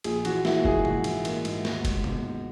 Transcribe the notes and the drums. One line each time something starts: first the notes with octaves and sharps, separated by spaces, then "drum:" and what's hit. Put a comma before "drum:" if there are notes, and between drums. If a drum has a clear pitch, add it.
A#1 G#4, drum: cymbal
E3 F#4, drum: cymbal
A#3 E4, drum: snare
G#2 G#4, drum: kick F1
A#1 F#4, drum: tom C3
E3, drum: cymbal
A#3, drum: cymbal
G#2, drum: cymbal
D#2, drum: snare
G#3, drum: kick F1, cymbal
B3, drum: tom C3
D#3